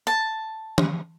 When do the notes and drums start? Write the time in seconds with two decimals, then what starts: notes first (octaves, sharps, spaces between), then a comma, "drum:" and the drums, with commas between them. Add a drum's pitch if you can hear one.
0.07 A5
0.78 drum: tom E3